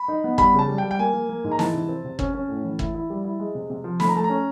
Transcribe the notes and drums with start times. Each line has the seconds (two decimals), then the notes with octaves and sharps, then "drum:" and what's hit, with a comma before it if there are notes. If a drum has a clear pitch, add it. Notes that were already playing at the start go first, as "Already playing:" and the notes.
Already playing: B5
0.08 D#4
0.24 B3
0.38 G3 B5, drum: kick
0.54 C#3 A5
0.68 G3
0.78 G5
0.84 G3
0.91 G5
0.99 A#3 G#5
1.13 A#3
1.29 A#3
1.44 G#2
1.52 A#5
1.59 E3 A5, drum: snare
1.74 C3
1.89 C4
2.04 C3
2.19 C#4, drum: kick
2.34 C#4
2.49 A2
2.64 E3
2.79 E4, drum: kick
2.94 E4
3.10 G3
3.25 E4
3.40 G#3
3.55 C3
3.70 C3
3.84 F3
4.00 A3 B5, drum: snare
4.08 A#5
4.15 A3 A5
4.24 A#5
4.30 C#4